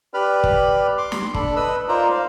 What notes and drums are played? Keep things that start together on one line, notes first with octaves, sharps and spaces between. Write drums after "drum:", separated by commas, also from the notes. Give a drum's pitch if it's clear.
G4 B4 D5 B5 F6
drum: kick
C6 D6
drum: snare
D4 A4 B5, drum: kick
B4 D#5 B5 E6
D#4 F4 A#4 C5 D5 A#5
C5 F5